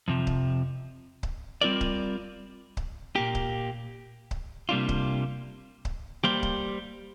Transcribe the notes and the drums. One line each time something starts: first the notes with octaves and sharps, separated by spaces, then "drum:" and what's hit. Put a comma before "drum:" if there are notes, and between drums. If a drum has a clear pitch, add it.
F2 C3 F3
drum: kick C#1
drum: kick C#1
G3 C4 F4 A#4 D5
drum: kick C#1
drum: kick C#1
A#2 A#3 G4
drum: kick C#1
drum: kick C#1
C3 G3 A#3 D4 F4
drum: kick C#1
drum: kick C#1
G3 A#3 G4 C5
drum: kick C#1